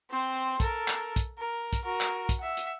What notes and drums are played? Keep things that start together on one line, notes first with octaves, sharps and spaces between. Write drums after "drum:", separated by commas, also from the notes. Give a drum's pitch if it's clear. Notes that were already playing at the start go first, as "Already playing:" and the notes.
C4 C5
A4 A#4, drum: kick, hi-hat
drum: clap
drum: kick, hi-hat
A#4
drum: kick, hi-hat
F#4 A#4
drum: clap
drum: kick, hi-hat
E5 F#5
drum: hi-hat